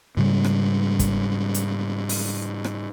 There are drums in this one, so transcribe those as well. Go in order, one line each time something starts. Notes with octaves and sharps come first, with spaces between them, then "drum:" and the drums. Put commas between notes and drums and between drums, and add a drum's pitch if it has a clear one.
G#2 C#3 G3
drum: rim click
drum: kick, hi-hat
drum: hi-hat
drum: open hi-hat
drum: rim click